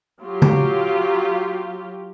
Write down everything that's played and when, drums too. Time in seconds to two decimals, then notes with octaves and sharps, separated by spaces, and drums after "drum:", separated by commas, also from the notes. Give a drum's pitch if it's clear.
0.22 F#3 F4 G4
0.42 drum: tom C#3